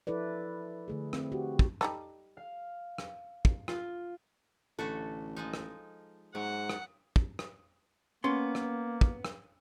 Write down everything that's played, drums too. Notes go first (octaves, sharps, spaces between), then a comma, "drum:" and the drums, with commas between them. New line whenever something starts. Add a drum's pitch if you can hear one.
F3 E4 A4 B4 D5
D3 A3 G#4
C4, drum: rim click
F#4 G4
drum: kick
G3 D#4 A4, drum: rim click
F5
drum: rim click
drum: kick
F4, drum: rim click
A1 D3 A3 F#4 A4
F3 G#3 D#4
drum: rim click
G#2 F#3 F#5
drum: rim click
drum: kick
drum: rim click
A#3 B3 C#4 C6
drum: rim click
drum: kick
drum: rim click